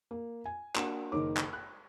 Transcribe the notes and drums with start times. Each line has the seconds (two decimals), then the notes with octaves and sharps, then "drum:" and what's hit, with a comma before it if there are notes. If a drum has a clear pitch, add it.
0.11 A#3
0.46 G#5
0.76 A#3 D4 F#4 F#5 E7, drum: clap
1.12 F#1 D#3 D#4 A#4 C#5 D6
1.37 drum: clap
1.53 F#6